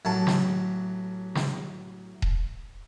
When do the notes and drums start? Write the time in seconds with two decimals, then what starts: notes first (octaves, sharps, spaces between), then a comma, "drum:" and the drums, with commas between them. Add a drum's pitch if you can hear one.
0.05 A1 F#3 A5
0.27 drum: snare
1.35 drum: snare
2.22 drum: kick D#1